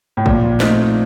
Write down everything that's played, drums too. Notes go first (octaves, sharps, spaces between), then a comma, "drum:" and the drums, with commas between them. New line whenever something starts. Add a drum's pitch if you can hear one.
A2
A#2 F3, drum: kick
A3 C4 D#4, drum: snare